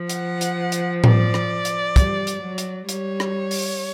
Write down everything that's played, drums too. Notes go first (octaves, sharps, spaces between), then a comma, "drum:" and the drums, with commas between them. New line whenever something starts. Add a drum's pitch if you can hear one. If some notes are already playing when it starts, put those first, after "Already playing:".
Already playing: F3
F#5, drum: hi-hat
drum: hi-hat
drum: hi-hat
D5, drum: tom A2
drum: rim click
drum: hi-hat
G3, drum: kick, hi-hat
drum: hi-hat
F#3
drum: hi-hat
G3 C#5, drum: hi-hat
drum: rim click
drum: open hi-hat